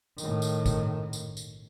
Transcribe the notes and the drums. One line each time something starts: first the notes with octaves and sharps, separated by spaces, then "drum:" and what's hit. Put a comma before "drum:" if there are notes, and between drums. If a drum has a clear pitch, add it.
A2 D#3, drum: tambourine
drum: tambourine
drum: kick, tambourine
drum: tambourine
drum: tambourine